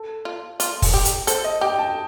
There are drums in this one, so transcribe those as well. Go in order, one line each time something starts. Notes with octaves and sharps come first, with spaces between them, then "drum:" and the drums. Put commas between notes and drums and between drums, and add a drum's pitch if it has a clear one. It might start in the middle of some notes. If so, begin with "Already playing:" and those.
Already playing: A4
F4
F4, drum: hi-hat
drum: kick, open hi-hat
G4
drum: hi-hat
A4 C5, drum: hi-hat
D#5
G4 G5
A5